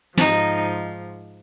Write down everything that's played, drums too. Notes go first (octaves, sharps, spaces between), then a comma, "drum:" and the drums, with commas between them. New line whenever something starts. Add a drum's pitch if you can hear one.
G#2 F3 D#4, drum: snare